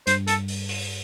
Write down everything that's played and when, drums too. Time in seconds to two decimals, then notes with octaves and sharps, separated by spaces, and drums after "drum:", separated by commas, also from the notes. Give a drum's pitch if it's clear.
0.07 G2 C5, drum: hi-hat
0.27 A4, drum: hi-hat
0.48 drum: open hi-hat
0.69 drum: open hi-hat